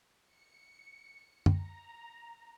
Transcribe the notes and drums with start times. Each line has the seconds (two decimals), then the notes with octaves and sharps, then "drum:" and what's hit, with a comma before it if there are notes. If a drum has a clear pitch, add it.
0.22 C#7
1.46 A#5, drum: tom F#2